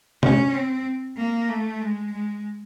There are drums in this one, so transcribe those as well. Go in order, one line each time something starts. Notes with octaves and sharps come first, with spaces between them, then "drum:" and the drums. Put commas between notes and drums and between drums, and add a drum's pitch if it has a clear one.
C#4, drum: tom C3
C4
A#3
A3
G#3
G#3